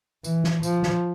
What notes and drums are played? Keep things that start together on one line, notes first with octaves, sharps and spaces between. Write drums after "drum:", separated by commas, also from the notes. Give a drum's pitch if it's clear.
E3, drum: tambourine
drum: snare
F3, drum: tambourine
drum: snare